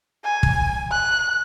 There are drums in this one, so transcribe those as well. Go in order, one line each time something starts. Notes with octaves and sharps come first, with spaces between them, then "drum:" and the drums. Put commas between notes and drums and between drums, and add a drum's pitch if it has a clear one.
G#5
drum: kick
F#6